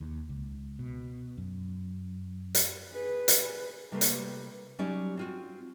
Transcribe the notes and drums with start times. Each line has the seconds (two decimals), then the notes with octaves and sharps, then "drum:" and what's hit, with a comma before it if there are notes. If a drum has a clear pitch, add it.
0.01 D#2
0.29 C#2
0.79 B2
1.38 F#2
2.55 drum: hi-hat
2.91 G#4 B4
3.28 drum: hi-hat
3.92 C3 G3 A3 A#3 D#4 B4
4.01 drum: hi-hat
4.79 F#3 G3 C#4 D#4 G4 D5
5.17 C4 F4 F#4